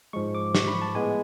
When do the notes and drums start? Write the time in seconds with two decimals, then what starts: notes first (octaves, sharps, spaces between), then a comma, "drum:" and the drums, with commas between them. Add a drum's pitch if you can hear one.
0.13 G#2 F3 G#3 C#6
0.35 D6
0.55 C#6, drum: snare
0.68 B5
0.82 A5
0.95 A2 G#3 B3 G#5